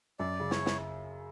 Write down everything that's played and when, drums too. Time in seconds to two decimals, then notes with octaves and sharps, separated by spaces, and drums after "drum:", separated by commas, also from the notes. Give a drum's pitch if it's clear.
0.19 F#2 D5
0.40 C#3
0.51 C#5, drum: snare
0.66 drum: snare